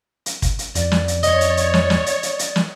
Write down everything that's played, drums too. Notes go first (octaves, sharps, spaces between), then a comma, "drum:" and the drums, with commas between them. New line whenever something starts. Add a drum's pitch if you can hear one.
drum: hi-hat
drum: kick, hi-hat
drum: hi-hat
F2 D5, drum: hi-hat
drum: snare
drum: hi-hat
C#5 D#5, drum: hi-hat
drum: hi-hat
drum: hi-hat
drum: snare
drum: snare
drum: hi-hat
drum: hi-hat
drum: hi-hat
drum: snare